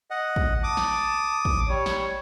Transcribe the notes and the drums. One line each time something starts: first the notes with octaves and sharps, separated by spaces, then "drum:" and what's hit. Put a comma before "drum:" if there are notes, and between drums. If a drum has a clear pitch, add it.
D#5 F#5
drum: kick
A5 D6 D#6
drum: snare
drum: kick
G3 C#5
drum: snare